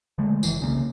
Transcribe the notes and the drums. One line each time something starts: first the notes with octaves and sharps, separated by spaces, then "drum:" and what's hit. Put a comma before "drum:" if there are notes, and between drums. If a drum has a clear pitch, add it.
D3 F3 G#3 A3
F#1 D2 D#3 E3, drum: tambourine
C2 C#3 A#3